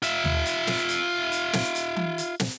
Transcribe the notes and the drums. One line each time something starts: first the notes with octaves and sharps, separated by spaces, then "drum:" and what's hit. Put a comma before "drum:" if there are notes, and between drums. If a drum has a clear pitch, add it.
F4 E5, drum: hi-hat
drum: tom D#2
drum: hi-hat
drum: snare
drum: hi-hat
drum: hi-hat
drum: snare
drum: hi-hat
drum: tom E3
drum: hi-hat
drum: snare